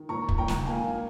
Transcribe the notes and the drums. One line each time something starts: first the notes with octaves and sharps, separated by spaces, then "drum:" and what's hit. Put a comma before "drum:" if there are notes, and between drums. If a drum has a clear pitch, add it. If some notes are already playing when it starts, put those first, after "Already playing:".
Already playing: D#3
A#2 A#5 C#6
drum: kick
A#2 G5 A#5
drum: snare
A#3 F5 G#5